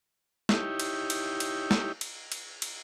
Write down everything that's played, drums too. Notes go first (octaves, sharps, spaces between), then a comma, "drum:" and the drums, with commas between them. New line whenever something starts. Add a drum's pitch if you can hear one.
D#4 E4 G4 C#5, drum: snare
drum: cymbal
drum: cymbal
drum: cymbal
drum: snare
drum: cymbal
drum: cymbal
drum: cymbal